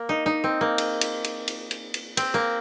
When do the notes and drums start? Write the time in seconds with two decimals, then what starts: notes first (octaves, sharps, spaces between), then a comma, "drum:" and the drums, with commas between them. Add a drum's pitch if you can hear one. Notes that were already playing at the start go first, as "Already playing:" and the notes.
Already playing: A#3
0.09 D#4
0.26 D#4
0.44 C4
0.61 A#3
0.78 drum: cymbal
1.01 drum: cymbal
1.24 drum: cymbal
1.48 drum: cymbal
1.71 drum: cymbal
1.94 drum: cymbal
2.17 C4, drum: cymbal
2.34 A#3